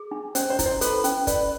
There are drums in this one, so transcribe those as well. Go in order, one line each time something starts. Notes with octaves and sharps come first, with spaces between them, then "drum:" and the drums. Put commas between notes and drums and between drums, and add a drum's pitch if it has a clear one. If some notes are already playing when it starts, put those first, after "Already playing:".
Already playing: G#4
D4
C#4 C5, drum: hi-hat
C5
E4, drum: kick, hi-hat
C5
A4 B4, drum: hi-hat
C#4, drum: hi-hat
B4 D5, drum: kick, hi-hat